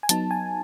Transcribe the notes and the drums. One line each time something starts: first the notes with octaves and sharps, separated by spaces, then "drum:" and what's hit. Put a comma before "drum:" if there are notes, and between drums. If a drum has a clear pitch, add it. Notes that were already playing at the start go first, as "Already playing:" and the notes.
G#5
F#3 B3 D#4 A5, drum: hi-hat
G#5